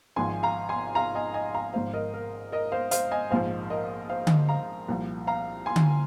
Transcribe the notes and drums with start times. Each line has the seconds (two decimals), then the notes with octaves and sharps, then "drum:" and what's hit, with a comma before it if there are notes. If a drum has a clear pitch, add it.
0.16 G#1 G#2 F3 G#5 C6
0.43 F5 A#5
0.69 G#5 C6
0.95 F5 A#5
1.15 D#5 G#5
1.34 D#5 G#5
1.54 F5 A#5
1.73 G#1 G#2 F3 C5 F5
1.93 A#4 D#5
2.14 A#4
2.52 A#4 D#5
2.72 C5 F5
2.91 C5 F5, drum: hi-hat
3.11 D#5 G#5
3.31 A#1 G#2 F3 C5 F5
3.70 A#4 D#5
4.10 C5 F5
4.27 drum: tom D3
4.49 F5 A#5
4.88 C2 A#2 F3
5.27 F5 A#5
5.66 G#5 C6
5.76 drum: tom D3